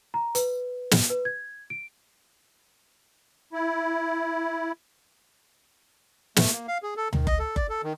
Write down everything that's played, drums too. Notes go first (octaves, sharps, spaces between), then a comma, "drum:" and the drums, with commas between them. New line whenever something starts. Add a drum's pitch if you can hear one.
A#5
B4, drum: hi-hat
drum: snare
B4
G#6
D7
E4
A3, drum: snare
A#3
F5
G#4
A4
D#3, drum: tom D2
D#5, drum: kick F#1
A4
D5, drum: kick F#1
A4
D#3